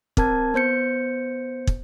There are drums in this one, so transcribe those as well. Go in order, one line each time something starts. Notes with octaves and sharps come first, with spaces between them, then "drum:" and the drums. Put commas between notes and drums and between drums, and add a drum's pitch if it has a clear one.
C4 A#4 A5 G#6, drum: kick
B3 C5 G6 C#7
drum: kick